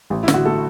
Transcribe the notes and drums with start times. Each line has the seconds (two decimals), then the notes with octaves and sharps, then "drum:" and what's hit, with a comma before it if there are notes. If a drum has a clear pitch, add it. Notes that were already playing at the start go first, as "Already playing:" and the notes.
0.10 A1
0.23 E4
0.28 D3, drum: snare
0.34 F#4
0.45 A3 A4